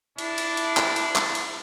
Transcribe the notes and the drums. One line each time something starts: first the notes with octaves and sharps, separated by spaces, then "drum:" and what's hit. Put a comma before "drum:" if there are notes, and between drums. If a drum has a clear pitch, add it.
D4 E4, drum: cymbal
drum: cymbal
drum: cymbal
drum: clap
drum: cymbal
drum: clap
drum: cymbal